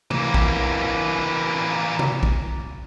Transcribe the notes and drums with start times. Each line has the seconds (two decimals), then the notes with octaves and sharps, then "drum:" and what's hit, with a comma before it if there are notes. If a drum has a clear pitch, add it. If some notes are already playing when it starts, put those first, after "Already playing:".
0.11 E3 A#3, drum: tom
0.34 drum: kick
1.99 drum: tom
2.23 drum: kick